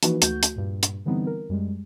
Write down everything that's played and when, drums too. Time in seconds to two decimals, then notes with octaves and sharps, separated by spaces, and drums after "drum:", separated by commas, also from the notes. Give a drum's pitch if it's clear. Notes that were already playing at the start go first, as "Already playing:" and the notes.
0.03 E3 F3 A#3 D#4 F#4 B4, drum: hi-hat
0.22 D2 A3 F#4 G6, drum: hi-hat
0.43 drum: hi-hat
0.56 G2 A#2
0.83 drum: hi-hat
1.06 D3 E3 G3 B3 C4 D#4
1.27 A#4
1.49 F#2 G3 G#3